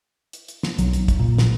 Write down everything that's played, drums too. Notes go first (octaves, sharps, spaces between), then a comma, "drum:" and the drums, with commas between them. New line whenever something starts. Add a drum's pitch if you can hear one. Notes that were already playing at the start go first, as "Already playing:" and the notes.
drum: hi-hat
drum: hi-hat
drum: snare
B1 F#3, drum: hi-hat
drum: hi-hat
drum: kick, hi-hat
A#2
drum: snare